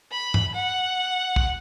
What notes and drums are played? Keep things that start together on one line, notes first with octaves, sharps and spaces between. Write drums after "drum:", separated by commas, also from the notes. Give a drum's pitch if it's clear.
B5
drum: tom G2
F#5
drum: kick